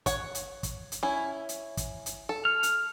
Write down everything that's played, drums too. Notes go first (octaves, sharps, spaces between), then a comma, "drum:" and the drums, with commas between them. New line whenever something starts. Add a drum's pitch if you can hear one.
C#5 F#5, drum: kick, hi-hat
drum: hi-hat
drum: kick, hi-hat
drum: hi-hat
C#4 E4
drum: hi-hat
drum: kick, hi-hat
drum: hi-hat
A4
F6
drum: hi-hat